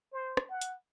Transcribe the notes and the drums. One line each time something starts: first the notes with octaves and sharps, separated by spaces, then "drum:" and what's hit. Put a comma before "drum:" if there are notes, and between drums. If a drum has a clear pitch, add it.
C5
drum: rim click
F#5
drum: hi-hat